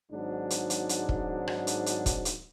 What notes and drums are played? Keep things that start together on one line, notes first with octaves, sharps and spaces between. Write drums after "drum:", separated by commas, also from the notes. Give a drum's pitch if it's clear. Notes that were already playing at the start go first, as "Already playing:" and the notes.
G#1 G#2 F#3 D4
drum: hi-hat
drum: hi-hat
drum: hi-hat
drum: kick
drum: rim click
drum: hi-hat
drum: hi-hat
drum: kick, hi-hat
drum: hi-hat